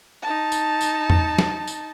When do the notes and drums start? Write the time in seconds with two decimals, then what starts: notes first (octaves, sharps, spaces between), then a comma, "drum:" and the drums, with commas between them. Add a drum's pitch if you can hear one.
0.23 D#4 A5
0.52 drum: tambourine
0.81 drum: tambourine
1.10 drum: tom E2
1.38 drum: snare
1.67 drum: tambourine